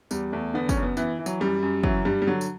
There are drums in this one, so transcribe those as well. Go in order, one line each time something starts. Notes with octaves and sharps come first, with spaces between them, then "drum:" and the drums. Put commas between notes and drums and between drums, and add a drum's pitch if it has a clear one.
E2 G3, drum: tambourine
E2 A3
D3 B3
C#4, drum: kick, tambourine
F#2
B3
E3 B3, drum: tambourine
E3
F#3, drum: tambourine
F#2 G3
F#2
E3 F#3, drum: kick
G2 G3
G3
D3 F#3
drum: tambourine